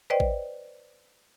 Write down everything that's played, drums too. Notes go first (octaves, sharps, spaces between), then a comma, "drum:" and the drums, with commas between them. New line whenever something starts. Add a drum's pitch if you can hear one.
B4 C5 D5 D#5 G5
drum: kick A1